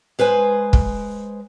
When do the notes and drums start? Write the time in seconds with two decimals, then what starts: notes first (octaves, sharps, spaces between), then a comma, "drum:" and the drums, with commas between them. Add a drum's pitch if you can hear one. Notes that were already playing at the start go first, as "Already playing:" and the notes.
0.19 G#3 B4 C5 G#5
0.73 drum: kick